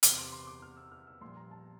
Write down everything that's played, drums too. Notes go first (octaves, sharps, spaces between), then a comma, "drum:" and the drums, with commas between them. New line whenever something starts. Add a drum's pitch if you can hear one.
E1 E2 C3 D6, drum: hi-hat
C6
C6
D6
F6
E6
F6
E6
A#1 A#2 G3 C6
A#5
A5